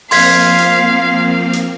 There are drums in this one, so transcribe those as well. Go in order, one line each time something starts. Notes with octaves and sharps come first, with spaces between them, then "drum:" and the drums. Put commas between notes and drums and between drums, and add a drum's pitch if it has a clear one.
F3 A#3 C4 F5 C6 G#6 B6, drum: open hi-hat
drum: hi-hat
drum: hi-hat